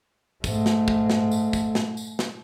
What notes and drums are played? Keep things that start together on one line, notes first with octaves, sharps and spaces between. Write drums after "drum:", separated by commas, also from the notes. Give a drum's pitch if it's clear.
G#2 A3, drum: kick, tambourine
drum: snare
drum: kick
drum: snare
drum: tambourine
drum: kick, tambourine
drum: snare
drum: tambourine
drum: snare